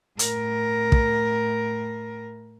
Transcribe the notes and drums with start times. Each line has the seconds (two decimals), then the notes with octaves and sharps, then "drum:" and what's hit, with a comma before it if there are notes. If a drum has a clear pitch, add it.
0.19 A2 A#4, drum: hi-hat
0.92 drum: kick